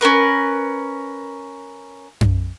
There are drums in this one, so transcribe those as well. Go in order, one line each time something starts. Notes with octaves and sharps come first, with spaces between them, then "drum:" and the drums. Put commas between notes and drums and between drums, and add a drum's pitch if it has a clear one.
C#4 D4 A#4 B4
drum: tom F#2